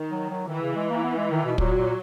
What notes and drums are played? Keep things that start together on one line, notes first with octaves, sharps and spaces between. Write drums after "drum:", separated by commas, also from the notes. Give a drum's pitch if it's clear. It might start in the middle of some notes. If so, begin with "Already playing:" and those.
Already playing: D#3
F#3
F#3
D#3 E3
C#3
G#3
A#3
B3
G#3
D#3
B2
A#2 F#3, drum: kick
A#2